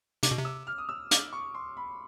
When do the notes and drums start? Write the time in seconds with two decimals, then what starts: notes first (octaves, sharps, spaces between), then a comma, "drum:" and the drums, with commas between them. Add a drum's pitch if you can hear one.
0.23 C3 D6, drum: hi-hat
0.31 B2
0.39 C3
0.45 E6
0.67 F6
0.78 D#6
0.89 E6
1.11 D6, drum: hi-hat
1.33 C#6
1.54 C6
1.77 B5